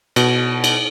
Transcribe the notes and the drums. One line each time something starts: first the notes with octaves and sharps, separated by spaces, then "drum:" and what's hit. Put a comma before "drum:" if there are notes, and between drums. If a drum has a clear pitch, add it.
B2, drum: cymbal
drum: cymbal